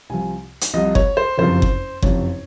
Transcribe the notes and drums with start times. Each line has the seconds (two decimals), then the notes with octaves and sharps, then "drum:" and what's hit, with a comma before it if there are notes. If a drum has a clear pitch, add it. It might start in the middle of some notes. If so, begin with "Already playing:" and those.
0.10 C2 C3 F3 G#5
0.61 drum: hi-hat
0.73 C2 C3 F3 D#5
0.95 C#5, drum: kick F#1
1.17 C5
1.38 F#1 F2 C3 F3 C5
1.62 drum: kick F#1
2.02 F#1 F2 C3 F3 C#5, drum: kick F#1